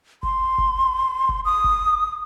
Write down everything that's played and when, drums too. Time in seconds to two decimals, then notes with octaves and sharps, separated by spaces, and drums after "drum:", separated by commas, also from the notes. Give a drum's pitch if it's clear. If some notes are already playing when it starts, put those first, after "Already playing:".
0.23 C6, drum: kick F#1
0.58 drum: kick F#1
1.29 drum: kick F#1
1.45 D#6
1.64 drum: kick F#1